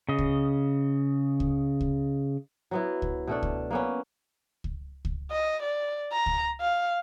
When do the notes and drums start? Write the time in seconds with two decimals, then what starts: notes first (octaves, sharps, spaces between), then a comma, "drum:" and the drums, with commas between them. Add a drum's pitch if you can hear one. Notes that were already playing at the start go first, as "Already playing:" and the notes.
0.09 C#3 D#5
0.18 drum: kick C#2
1.40 drum: kick C#2
1.81 drum: kick C#2
2.71 F#3 B3 E4
3.02 drum: kick C#2
3.28 B2 A3 D4
3.43 drum: kick C#2
3.71 A#3 B3 C#4
4.64 drum: kick C#2
5.05 drum: kick C#2
5.32 D#5
5.63 D5
6.13 A#5
6.26 drum: kick C#2
6.61 F5